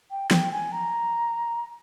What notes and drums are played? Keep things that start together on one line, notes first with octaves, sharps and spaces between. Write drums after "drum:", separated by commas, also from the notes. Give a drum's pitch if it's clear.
G5
G5, drum: snare
G#5
A#5